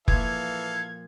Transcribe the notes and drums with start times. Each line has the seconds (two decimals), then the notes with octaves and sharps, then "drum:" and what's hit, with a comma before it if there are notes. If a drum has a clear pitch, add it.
0.08 A#2 E3 F3 A4 F5 G#6, drum: kick F1